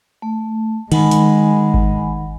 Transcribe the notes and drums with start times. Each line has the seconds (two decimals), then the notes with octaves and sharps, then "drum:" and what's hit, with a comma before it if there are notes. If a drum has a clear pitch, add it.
0.22 A3
0.92 D#3 G#3 F#5 G#5 B5, drum: cymbal
1.11 drum: hi-hat
1.74 drum: kick G#1